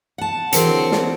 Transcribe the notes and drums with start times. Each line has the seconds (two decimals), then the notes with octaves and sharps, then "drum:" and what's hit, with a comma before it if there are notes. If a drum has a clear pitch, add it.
0.18 F#5 A5
0.53 D3 E3 F#3 C4 G#4 A#4 C#7, drum: hi-hat
0.92 drum: snare